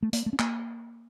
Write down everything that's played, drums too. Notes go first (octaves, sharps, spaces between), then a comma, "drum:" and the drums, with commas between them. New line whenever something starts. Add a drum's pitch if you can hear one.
A3
A#3, drum: hi-hat
A3
C#4
A#3, drum: clap